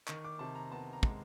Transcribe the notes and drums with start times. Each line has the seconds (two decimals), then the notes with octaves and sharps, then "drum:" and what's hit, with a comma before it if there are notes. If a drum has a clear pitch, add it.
0.07 D#3 C#6, drum: clap
0.25 D6
0.39 C3 A5
0.55 A#5
0.71 B3 A5
0.93 A#5
1.03 G#3, drum: kick